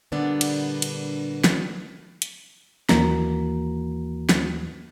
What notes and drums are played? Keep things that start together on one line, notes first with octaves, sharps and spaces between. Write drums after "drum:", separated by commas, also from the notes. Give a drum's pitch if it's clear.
A#2 D3 G3 B3 D4
drum: cymbal
drum: cymbal
drum: snare
drum: hi-hat
D#2 E3 A#3 F#4 A#5, drum: snare
drum: snare